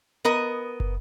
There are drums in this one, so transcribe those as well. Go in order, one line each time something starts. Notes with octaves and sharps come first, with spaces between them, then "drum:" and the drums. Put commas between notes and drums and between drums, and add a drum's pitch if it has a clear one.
B3 A#4 D#5
drum: kick